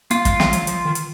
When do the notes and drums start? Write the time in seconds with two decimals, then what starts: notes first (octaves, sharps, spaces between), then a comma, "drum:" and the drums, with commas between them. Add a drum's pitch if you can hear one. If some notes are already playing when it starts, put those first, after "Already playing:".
0.10 A#3 F4, drum: hi-hat
0.25 G#3, drum: kick, hi-hat
0.40 G#3, drum: snare
0.53 F#3, drum: hi-hat
0.67 F3, drum: hi-hat
0.85 D#3
0.95 drum: hi-hat